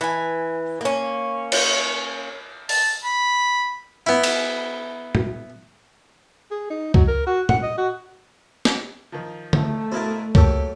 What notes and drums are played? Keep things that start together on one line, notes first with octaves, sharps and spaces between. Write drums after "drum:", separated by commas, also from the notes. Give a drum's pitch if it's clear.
E3 G#5
A#3 C#4
drum: cymbal
A5, drum: open hi-hat
B5
B3 E4
drum: cymbal
drum: tom A#2
G#4
D#4
F#3, drum: kick C#2
A#4
F#4
F#5, drum: tom A#2
D#5
F#4
drum: snare
D#3 F3
A3, drum: tom D3
B2 E4 A#4 C5 F5 A5
F2 F#3 A#3 G4 A5 E6, drum: kick C#2